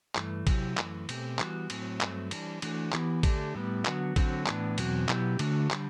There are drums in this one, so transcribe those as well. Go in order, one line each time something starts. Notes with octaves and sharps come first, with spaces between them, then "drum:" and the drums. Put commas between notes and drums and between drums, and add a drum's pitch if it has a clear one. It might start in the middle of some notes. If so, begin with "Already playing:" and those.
G2 E3 A3, drum: clap
C3 F#3 A3 E4 G4, drum: kick A1, cymbal
F#2 E3 A3, drum: clap
B2 A3 C4 G4, drum: cymbal
E3 G3 B3 F#4, drum: clap
A2 F#3 C4, drum: cymbal
G2 F#3 A3 C4, drum: clap
E3 G3 D4, drum: cymbal
E3 A3 D4 F#4, drum: cymbal
E3 B3 E4 G4, drum: clap
D3 A3 D4 G4, drum: kick A1, cymbal
A2 G3 B3
D3 F#3 B3 F#4, drum: clap
D3 F#3 C4 F#4, drum: kick A1, cymbal
A2 E3 B3 D4, drum: clap
E2 B2 F#3 C4 F#4, drum: cymbal
B2 F#3 B3 E4 G4, drum: clap
D3 A3 D4 F#4, drum: cymbal
D3 G3, drum: clap